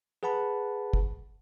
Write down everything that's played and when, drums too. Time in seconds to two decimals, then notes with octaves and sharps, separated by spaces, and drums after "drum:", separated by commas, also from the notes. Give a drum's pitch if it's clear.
0.23 G#4 B4 F#5 A5 B5
0.93 drum: kick